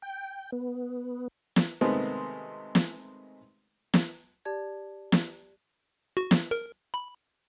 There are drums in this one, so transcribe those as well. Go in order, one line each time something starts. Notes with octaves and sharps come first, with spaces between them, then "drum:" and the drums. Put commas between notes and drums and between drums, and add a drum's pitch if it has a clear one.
G5
B3
drum: snare
C3 D#3 G#3 A3 B3 C4
drum: snare
drum: snare
G4 D5 A5 G#6
drum: snare
F#4
drum: snare
A#4
B5